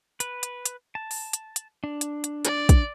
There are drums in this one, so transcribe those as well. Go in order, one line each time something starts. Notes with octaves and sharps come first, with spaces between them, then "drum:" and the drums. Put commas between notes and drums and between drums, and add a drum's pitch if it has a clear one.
B4, drum: hi-hat
drum: hi-hat
drum: hi-hat
A5
drum: open hi-hat
drum: hi-hat
drum: hi-hat
D4
drum: hi-hat
drum: hi-hat
D5, drum: hi-hat
drum: kick, hi-hat